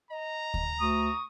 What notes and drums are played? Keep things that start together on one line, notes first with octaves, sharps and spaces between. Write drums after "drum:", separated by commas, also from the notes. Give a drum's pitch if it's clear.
D#5 A#5
drum: kick D2
D2 C#6 D#6